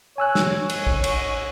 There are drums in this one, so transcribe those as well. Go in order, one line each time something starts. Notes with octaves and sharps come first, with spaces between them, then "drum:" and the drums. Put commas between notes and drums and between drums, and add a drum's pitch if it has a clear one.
C#5 G#5 E6 F#6
drum: snare
drum: cymbal
drum: kick
drum: cymbal